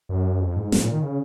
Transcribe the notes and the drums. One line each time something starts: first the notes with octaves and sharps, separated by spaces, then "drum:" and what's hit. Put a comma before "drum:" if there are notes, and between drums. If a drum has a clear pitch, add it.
F#2
F2
G#2
G#2, drum: snare
A#2
D#3
C#3